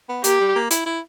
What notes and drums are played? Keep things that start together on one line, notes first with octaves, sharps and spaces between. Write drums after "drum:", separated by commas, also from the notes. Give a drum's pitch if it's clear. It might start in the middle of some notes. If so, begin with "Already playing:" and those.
B3
A#3 G4, drum: hi-hat
G3
A#3
E4, drum: hi-hat
E4